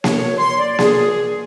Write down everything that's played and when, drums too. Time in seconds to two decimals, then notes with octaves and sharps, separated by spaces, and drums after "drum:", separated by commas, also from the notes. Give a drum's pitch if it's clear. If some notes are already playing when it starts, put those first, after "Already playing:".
0.04 C#5, drum: snare A#3
0.38 C6
0.59 D5
0.79 G#4, drum: snare A#3